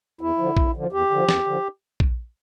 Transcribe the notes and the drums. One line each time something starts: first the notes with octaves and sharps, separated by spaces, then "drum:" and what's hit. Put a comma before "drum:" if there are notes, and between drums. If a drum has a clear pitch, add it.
E2 E4
D3 F3
E2, drum: kick A#1
D3 F3
E2 G4
D3 F3
E2, drum: snare
D3 F3
drum: kick A#1